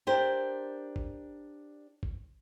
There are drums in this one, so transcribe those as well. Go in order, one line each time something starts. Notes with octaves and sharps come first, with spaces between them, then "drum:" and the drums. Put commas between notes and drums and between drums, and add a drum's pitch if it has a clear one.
D4 G4 A#4 C5
drum: kick G1
drum: kick G1